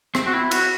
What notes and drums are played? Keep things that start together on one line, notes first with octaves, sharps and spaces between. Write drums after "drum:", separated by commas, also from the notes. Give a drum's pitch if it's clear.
C4, drum: rim click
F#4
E4
F#4, drum: cymbal